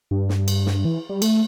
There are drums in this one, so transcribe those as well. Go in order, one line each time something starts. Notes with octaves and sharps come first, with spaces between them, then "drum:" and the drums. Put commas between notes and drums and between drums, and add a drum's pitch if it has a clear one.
G2
drum: snare
drum: cymbal
drum: snare
E3
G3
A3, drum: cymbal